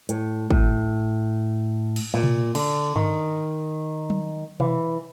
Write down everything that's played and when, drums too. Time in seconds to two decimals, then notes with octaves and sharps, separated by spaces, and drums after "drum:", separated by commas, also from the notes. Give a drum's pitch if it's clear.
0.09 A2, drum: hi-hat
0.51 A2, drum: kick
1.96 drum: cymbal
2.14 A#2
2.23 drum: tom B2
2.55 D3, drum: cymbal
2.96 D#3, drum: tom G2
4.10 drum: tom F#3
4.60 E3, drum: tom B2